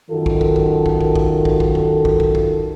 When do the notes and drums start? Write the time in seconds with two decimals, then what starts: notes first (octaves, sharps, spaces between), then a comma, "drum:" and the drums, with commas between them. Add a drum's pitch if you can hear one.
0.11 F#2 D#3 F4 F#4 A4 A#4
0.26 drum: kick
0.41 drum: kick
0.56 drum: kick
0.86 drum: kick
1.01 drum: kick
1.16 drum: kick
1.45 drum: kick
1.60 drum: kick
1.75 drum: kick
2.05 drum: kick
2.20 drum: kick
2.35 drum: kick